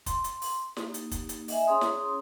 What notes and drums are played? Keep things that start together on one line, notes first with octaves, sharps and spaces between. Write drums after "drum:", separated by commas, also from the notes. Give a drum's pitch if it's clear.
C6, drum: kick, hi-hat
drum: hi-hat
drum: open hi-hat
A#3 D#4 G4, drum: snare
drum: hi-hat
drum: kick, hi-hat
drum: hi-hat
D#5 E5 G#5, drum: open hi-hat
C#4 G#4 C#5 A#5 C6 D#6
drum: snare